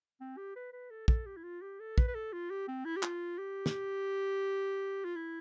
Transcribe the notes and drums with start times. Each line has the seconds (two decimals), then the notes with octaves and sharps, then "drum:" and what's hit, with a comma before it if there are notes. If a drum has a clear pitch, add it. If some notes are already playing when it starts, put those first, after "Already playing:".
0.21 C4
0.37 G4
0.56 B4
0.73 B4
0.90 A4
1.08 A4, drum: kick
1.26 G4
1.37 E4
1.43 F4
1.62 G4
1.80 A4
1.98 B4, drum: kick
2.08 B4
2.15 A4
2.33 F4
2.50 G4
2.68 C4
2.85 E4
2.96 G4
3.03 F4, drum: clap
3.38 G4
3.66 drum: snare
5.04 F4
5.16 E4